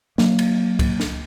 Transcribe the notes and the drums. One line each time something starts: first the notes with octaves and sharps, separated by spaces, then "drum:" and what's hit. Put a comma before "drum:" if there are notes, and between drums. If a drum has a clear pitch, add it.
F#3 A#3, drum: snare
drum: cymbal
drum: kick, cymbal
drum: snare